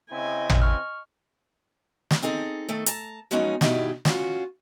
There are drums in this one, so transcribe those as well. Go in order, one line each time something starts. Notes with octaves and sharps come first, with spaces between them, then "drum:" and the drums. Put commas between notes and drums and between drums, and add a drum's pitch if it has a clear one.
C#3 C4 E4 D#5 G#5
drum: tom
C#6 F6
drum: snare
C4 D#4 G#4 A4
D#3 A3 A4
A5 A#5, drum: hi-hat
F3 F#3 G#3 B3 C#4 D#4
G2 B2 D#4 E4 G4, drum: snare
C#4 F4 F#4, drum: snare